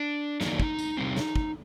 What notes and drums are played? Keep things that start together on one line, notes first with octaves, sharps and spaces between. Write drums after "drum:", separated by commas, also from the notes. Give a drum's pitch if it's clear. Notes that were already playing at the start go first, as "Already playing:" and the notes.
Already playing: D4
F#2 D#3 F#3 A#3 D4 D#4, drum: snare
drum: kick
drum: tambourine
C3 G3 C4
drum: snare
drum: kick